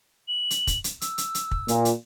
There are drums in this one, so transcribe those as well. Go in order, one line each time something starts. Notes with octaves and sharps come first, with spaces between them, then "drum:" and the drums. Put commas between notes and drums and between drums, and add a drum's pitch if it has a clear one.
F#7
drum: hi-hat
drum: kick, hi-hat
drum: hi-hat
E6, drum: hi-hat
drum: hi-hat
drum: hi-hat
drum: kick
A#2, drum: hi-hat
drum: hi-hat